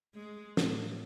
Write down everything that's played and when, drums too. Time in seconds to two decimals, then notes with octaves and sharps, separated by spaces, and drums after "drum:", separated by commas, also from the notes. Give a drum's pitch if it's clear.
0.15 G#3
0.57 A2, drum: snare